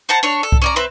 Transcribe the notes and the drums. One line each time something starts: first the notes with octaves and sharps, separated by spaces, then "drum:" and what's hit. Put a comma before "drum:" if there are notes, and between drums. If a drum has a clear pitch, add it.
C5 F#5 A5 A#5
D4 C#5 C#6
A4
drum: kick C2
C#4 D5 A#5
C4 B4 E5